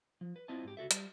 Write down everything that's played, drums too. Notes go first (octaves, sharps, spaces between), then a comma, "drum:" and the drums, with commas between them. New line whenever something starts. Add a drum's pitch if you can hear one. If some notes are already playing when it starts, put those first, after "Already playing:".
F3
B4
C4 E4 F4 D#5 A5
G#2 G4
C#2 F#4 A4 E5
G3, drum: hi-hat